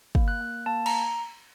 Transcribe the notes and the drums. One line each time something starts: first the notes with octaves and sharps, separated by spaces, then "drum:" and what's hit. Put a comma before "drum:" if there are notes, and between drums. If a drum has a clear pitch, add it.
A#3, drum: kick
F#6
A#3
A#3 A5
A#5, drum: cymbal